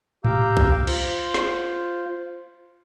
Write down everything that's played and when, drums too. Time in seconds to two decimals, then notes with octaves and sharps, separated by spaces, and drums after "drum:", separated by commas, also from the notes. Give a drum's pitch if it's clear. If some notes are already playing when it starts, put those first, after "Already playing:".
0.25 G4 F5 A#5 D6 E6 G6, drum: tom G#2
0.57 drum: kick B1
0.87 F4 C5, drum: cymbal
1.34 drum: snare